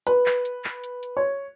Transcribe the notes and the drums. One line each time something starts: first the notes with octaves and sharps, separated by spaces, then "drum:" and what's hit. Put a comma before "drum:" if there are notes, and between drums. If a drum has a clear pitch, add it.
B4, drum: hi-hat
drum: clap
drum: hi-hat
drum: clap
drum: hi-hat
drum: hi-hat
C#5